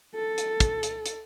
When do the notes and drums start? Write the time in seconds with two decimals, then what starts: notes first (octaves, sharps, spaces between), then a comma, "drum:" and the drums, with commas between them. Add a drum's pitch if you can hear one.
0.15 A4
0.38 drum: hi-hat
0.60 drum: kick, hi-hat
0.83 drum: hi-hat
1.06 drum: hi-hat